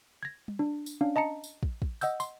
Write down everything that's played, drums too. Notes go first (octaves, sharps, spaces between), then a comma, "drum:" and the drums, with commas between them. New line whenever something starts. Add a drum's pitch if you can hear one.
G#6 A#6
drum: tom G3
D4
drum: tambourine
C#4 D4 F5
D#5 A5 A#5 C#7
drum: tambourine
drum: kick
drum: kick
D#5 F#5 E6 G6, drum: tambourine
C6, drum: tambourine